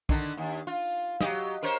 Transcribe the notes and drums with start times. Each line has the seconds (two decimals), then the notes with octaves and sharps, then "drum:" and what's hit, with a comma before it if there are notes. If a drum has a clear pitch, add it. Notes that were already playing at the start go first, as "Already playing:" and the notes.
0.09 D3 D#3, drum: kick
0.37 D#2
0.67 F4
1.21 F#3 G4 D#5, drum: snare
1.63 A#4 C5 C#5